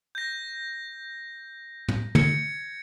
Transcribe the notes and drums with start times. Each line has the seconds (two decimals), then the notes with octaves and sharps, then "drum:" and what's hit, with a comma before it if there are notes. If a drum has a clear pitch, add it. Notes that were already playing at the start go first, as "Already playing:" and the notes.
0.15 G6 A#6
1.88 drum: tom
2.15 G#6 C#7, drum: tom